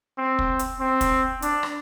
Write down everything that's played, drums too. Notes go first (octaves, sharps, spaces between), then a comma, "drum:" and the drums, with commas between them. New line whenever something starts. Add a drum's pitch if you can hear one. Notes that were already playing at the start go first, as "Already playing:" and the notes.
C4
drum: kick
drum: hi-hat
C4
drum: kick, hi-hat
D4, drum: hi-hat
drum: rim click